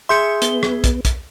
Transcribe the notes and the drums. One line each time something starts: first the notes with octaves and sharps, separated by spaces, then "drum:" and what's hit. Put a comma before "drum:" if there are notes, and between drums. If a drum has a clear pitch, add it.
G#4 E5 C6 G6 C#7
B3 G7, drum: hi-hat
drum: rim click
drum: kick, hi-hat
drum: kick, hi-hat